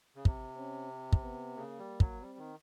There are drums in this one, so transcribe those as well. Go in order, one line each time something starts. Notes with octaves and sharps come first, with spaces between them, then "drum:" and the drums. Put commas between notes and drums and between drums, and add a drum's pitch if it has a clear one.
C#3
C3 C4, drum: kick
C#4
C4
drum: kick
B3
C#3 A#3
G3
F#3, drum: kick
G3 C4
D#3